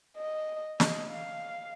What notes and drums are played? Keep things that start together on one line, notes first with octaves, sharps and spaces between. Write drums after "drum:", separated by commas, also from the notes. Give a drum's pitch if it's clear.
D#5
D#5, drum: snare
F5